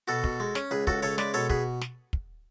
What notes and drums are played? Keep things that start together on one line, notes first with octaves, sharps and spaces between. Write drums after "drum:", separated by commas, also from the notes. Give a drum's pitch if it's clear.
B2 F#4 A4
B2, drum: kick
G#3
C#4, drum: snare
C#2 G#4 B4
C#2 F#4 A4, drum: kick
C#3 A4 C#5
G#3 B4 D5, drum: snare
B2 A4 C#5
B2 G#4 B4, drum: kick
drum: snare
drum: kick